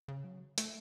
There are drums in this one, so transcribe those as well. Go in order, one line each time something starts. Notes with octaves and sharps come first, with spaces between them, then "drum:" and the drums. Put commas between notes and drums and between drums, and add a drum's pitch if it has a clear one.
C#3
F#3
A3, drum: hi-hat